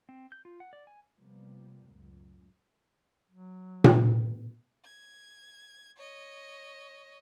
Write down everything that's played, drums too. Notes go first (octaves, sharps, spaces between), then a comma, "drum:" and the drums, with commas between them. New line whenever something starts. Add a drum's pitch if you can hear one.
C4
G6
F4
F#5
D5
G#5
C3 F3 G3 A#3 B3
C#2 F#2 A2
F#3
drum: tom A#2
G#6
C#5 D#5